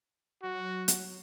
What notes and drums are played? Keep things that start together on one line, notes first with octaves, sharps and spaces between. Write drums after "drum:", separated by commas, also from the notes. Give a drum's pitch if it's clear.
F#3 F#4
drum: hi-hat